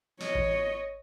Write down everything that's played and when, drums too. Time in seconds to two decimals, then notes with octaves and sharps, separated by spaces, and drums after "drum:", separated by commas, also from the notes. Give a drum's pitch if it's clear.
0.21 C#5 D#5, drum: snare
0.35 drum: kick A1